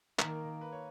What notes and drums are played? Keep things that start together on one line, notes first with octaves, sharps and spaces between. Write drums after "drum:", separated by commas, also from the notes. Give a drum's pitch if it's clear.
D#3 A#3 A#4, drum: clap
B4
C#5